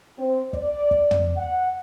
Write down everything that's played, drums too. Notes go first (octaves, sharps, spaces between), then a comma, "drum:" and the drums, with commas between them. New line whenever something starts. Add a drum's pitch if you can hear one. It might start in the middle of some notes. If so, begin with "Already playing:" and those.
C4
D5, drum: kick
drum: kick
drum: tom
F#5